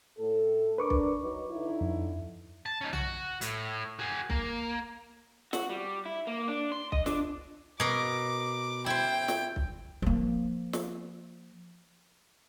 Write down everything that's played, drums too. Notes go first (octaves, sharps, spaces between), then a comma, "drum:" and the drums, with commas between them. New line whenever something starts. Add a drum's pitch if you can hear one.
A2 A4
D4 A#4 B4 C#6 D6
drum: kick B1
F#3 D#4
D3 D#4 E4
F2
A5
C#4 D#4
F#4, drum: tom B1
A2, drum: hi-hat
F#4 G#4
A#3, drum: kick B1
F#4, drum: snare
G3
E4
A#3
D4
C6
D#5, drum: kick B1
D4, drum: snare
B2 A#4 D6
E4 C5 G5
drum: snare
drum: kick B1
F3 A#3
drum: snare